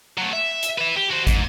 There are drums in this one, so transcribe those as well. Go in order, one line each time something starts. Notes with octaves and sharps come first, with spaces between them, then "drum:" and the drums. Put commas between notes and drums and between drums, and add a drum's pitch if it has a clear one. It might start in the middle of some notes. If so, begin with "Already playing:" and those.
F#3 A3
E5
drum: hi-hat
B4 E5
G4
F#4 C5
G#2, drum: kick, hi-hat